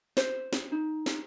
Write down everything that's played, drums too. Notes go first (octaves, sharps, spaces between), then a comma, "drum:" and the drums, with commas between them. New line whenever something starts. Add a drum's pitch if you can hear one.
C5, drum: snare
drum: snare
D#4
drum: snare